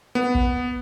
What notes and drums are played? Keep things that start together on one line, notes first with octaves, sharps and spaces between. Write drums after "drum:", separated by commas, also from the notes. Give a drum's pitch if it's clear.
B3
drum: kick